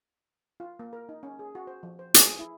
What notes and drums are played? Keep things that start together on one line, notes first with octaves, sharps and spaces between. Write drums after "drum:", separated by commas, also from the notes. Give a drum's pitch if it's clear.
F4
A#3
A#4
D#4
C#4
G#4
F#4
C5
F3
C5
G#4, drum: hi-hat
E4